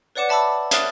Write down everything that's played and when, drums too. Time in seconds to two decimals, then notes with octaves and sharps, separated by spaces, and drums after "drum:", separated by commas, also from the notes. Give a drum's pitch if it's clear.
0.15 B4 C#5 D5 F#5 D6 E7
0.29 E5 A5 B5 D6 E6
0.71 C#5 E5 D#6 F6 F#6 A6, drum: hi-hat